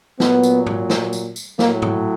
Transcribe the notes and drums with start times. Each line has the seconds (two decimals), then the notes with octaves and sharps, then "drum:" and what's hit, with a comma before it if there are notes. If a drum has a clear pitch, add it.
0.20 A#2 F#3 B3, drum: snare
0.43 drum: tambourine
0.66 drum: tom G#2
0.90 drum: snare
1.13 drum: tambourine
1.36 drum: tambourine
1.59 A2 F#3 A#3, drum: snare
1.82 drum: tom G#2